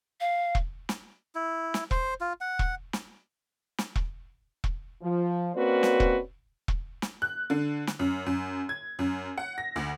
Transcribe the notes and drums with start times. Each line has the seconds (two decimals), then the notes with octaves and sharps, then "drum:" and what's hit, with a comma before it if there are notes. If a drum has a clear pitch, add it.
0.21 F5
0.55 drum: kick E1
0.89 drum: snare
1.35 E4
1.74 drum: snare
1.91 C5, drum: kick E1
2.21 F4
2.41 F#5
2.59 drum: kick E1
2.93 drum: snare
3.78 drum: snare
3.96 drum: kick E1
4.64 drum: kick E1
5.02 F3
5.55 A#3 C4 C#4 F#4 B4 D5
5.83 drum: snare
6.00 drum: kick E1
6.68 drum: kick E1
7.02 drum: snare
7.22 F#6
7.50 D3
7.87 drum: snare
7.99 F#2
8.26 F#2
8.69 G#6
8.99 F#2
9.38 F#5
9.58 A#6
9.76 D2